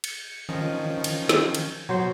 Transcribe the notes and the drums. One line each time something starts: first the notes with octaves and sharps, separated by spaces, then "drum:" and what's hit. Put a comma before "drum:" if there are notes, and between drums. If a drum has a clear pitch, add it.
C#7, drum: cymbal
D#3 F3 C#4 D#5
drum: cymbal
drum: snare
drum: cymbal
B2 F#3 C5